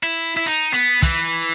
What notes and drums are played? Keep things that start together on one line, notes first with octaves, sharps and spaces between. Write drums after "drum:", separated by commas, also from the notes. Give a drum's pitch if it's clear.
E4
E4
D#4, drum: hi-hat
B3, drum: hi-hat
E3, drum: kick, hi-hat